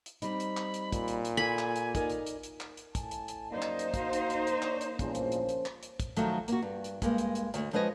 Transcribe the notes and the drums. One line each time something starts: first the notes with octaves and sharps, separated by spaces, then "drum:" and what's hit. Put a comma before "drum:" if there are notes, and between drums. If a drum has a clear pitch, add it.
drum: hi-hat
G3 C4 D#4 B5, drum: hi-hat
drum: hi-hat
drum: clap
drum: hi-hat
A#2, drum: kick, hi-hat
drum: hi-hat
drum: hi-hat
A4 G#5 B5
drum: clap
drum: hi-hat
D#4 A#4 D5, drum: kick, hi-hat
drum: hi-hat
drum: hi-hat
drum: hi-hat
drum: clap
drum: hi-hat
A2 G#5 A5, drum: kick, hi-hat
drum: hi-hat
drum: hi-hat
F#2 A#3 D#4 C5 D5 D#5
drum: clap
drum: hi-hat
F#4 F5, drum: kick, hi-hat
drum: hi-hat
drum: hi-hat
drum: hi-hat
D4 C#5, drum: clap
drum: hi-hat
E2 G2 A#2 C#3 F3, drum: kick, hi-hat
drum: hi-hat
drum: hi-hat
drum: hi-hat
drum: clap
drum: hi-hat
drum: kick, hi-hat
D#3 F3 F#3 A3, drum: hi-hat
A#3 F#4, drum: hi-hat
G2
drum: hi-hat
G2 G#3 A#3, drum: kick, hi-hat
drum: hi-hat
drum: hi-hat
D2, drum: hi-hat
F3 G#3 B4 C#5 D#5